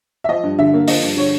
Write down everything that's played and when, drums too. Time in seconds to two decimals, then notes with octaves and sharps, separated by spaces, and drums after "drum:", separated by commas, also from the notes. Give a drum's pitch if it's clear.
0.24 E5
0.29 F3 D#5
0.43 G2
0.58 D3 E5
0.74 A#3
0.88 F3 D#5, drum: open hi-hat
1.03 G2
1.17 D3 C#5